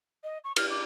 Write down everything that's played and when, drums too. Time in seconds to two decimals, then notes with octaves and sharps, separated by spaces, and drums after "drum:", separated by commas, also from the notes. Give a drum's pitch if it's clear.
0.24 D#5
0.44 C#6
0.56 F6, drum: cymbal
0.71 D6